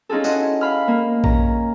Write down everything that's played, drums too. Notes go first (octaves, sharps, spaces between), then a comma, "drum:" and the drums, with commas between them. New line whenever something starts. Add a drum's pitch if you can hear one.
C#4 D#4 F4 G#4 A4
E4 F#4 D#5, drum: tambourine
F5 B5 F6
A#3
C#4 A#5, drum: kick A#1